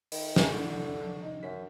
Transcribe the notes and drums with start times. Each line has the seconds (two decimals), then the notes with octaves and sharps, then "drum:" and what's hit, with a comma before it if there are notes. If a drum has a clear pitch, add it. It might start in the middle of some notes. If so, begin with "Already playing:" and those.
0.12 D#3, drum: open hi-hat
0.36 F#1 G#4 A#5, drum: snare
0.52 A2 D3
1.22 D#4
1.43 F#2 B6